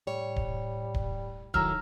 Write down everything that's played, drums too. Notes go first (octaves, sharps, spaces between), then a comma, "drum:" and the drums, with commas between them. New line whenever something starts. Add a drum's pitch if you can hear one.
A2 G3 C#5
drum: kick D1
drum: kick D1
A2 D#3 F#3 A#5 E6 F6, drum: kick D1